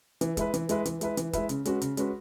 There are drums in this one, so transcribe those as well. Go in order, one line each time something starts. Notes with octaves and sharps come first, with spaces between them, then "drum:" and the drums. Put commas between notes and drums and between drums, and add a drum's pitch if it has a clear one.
E3, drum: hi-hat
G#3 E4 B4, drum: kick, hi-hat
E3, drum: hi-hat
G#3 E4 B4, drum: hi-hat
E3, drum: hi-hat
G#3 E4 B4, drum: hi-hat
E3, drum: hi-hat
G#3 E4 B4, drum: kick, hi-hat
C#3, drum: hi-hat
G#3 C#4 F#4 B4, drum: hi-hat
C#3, drum: hi-hat
G#3 C#4 F#4 B4, drum: hi-hat